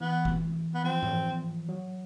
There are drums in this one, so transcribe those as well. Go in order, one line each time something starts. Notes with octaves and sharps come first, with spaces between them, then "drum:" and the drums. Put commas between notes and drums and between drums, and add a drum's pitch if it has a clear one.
E3 B3
drum: kick F#1
B3
F3 C4
drum: tom G#2
F#3